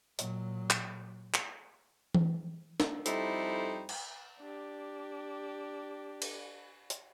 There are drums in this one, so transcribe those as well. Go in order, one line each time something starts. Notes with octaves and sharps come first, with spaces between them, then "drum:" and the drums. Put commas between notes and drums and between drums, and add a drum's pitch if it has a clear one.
A#2 F#3, drum: hi-hat
drum: clap
drum: clap
drum: tom E3
drum: snare
F2 G3 D#4 E4 A4 C5, drum: hi-hat
drum: cymbal
D4 G4
drum: cymbal
drum: hi-hat